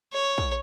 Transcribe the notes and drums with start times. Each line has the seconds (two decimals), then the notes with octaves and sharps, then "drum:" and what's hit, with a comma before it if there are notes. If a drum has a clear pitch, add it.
0.13 C#5
0.38 drum: kick